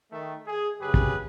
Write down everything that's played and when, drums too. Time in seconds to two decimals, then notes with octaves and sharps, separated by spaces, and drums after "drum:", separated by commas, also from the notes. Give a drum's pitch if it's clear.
0.12 D#3 A3
0.47 G#4
0.81 F#2 C#3 G4 G#4 B4
0.94 drum: kick